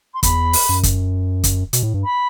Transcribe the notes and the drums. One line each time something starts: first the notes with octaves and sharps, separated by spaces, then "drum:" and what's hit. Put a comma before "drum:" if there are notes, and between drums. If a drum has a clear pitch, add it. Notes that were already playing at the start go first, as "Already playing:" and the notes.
C6
E2 B5, drum: kick, hi-hat
drum: open hi-hat
F#2
drum: kick, hi-hat
drum: kick, hi-hat
B2, drum: hi-hat
A2
G2
B5